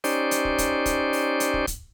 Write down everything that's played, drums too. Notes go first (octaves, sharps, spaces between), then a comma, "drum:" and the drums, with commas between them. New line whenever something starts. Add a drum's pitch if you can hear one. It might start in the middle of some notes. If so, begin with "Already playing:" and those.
C#4 D#4 G4 C5 D5, drum: open hi-hat
drum: hi-hat
drum: kick
drum: kick, hi-hat
drum: kick, hi-hat
drum: open hi-hat
drum: hi-hat
drum: kick
drum: kick, hi-hat